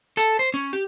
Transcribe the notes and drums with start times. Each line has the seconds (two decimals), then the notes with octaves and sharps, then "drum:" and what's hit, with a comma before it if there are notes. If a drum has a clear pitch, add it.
0.17 A4, drum: hi-hat
0.39 C5
0.54 C#4
0.73 G4